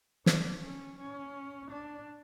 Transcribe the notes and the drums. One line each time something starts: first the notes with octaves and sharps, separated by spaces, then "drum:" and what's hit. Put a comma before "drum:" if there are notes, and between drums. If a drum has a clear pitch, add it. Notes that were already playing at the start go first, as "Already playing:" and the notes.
D4, drum: snare
C#4
C#4
D4